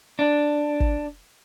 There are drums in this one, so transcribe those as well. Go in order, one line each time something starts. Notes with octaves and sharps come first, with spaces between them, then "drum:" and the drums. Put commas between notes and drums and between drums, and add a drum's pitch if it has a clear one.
D4
drum: kick